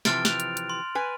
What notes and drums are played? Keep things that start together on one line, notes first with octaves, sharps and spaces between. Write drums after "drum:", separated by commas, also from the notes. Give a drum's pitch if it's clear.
C3 E3 F3 F6 A6 D7, drum: snare
F#6 F7, drum: snare
drum: hi-hat
drum: hi-hat
C6
B4 G#5